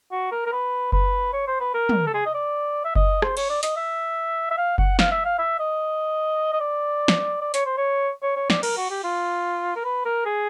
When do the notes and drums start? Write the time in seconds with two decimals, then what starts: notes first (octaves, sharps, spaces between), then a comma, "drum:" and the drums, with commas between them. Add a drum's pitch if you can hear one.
0.11 F#4
0.32 A#4
0.46 A#4
0.52 B4
0.92 B4, drum: kick F#1
1.33 C#5
1.47 C5
1.60 B4
1.74 A#4
1.89 drum: tom
2.07 A4
2.14 G#4
2.26 D#5
2.34 D5
2.85 E5
2.96 D#5, drum: kick F#1
3.22 C5, drum: rim click
3.37 C#5, drum: cymbal
3.50 D5
3.63 D#5, drum: hi-hat
3.76 E5
4.51 E5
4.58 F5
4.78 F#5, drum: kick F#1
4.99 F5, drum: snare
5.11 E5
5.25 F5
5.38 E5
5.59 D#5
6.53 D#5
6.60 D5
7.08 drum: snare
7.41 D5
7.54 C#5, drum: hi-hat
7.66 C5
7.77 C#5
8.22 C#5
8.36 C#5
8.50 D5, drum: snare
8.63 A#4, drum: cymbal
8.77 F#4
8.90 G4
9.04 F4
9.76 A#4
9.84 B4
10.05 A#4
10.26 G#4